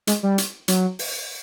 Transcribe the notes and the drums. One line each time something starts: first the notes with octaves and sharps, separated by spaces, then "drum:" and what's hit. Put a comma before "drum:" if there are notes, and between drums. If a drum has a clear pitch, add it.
G#3, drum: hi-hat
G3
drum: hi-hat
F#3, drum: hi-hat
drum: open hi-hat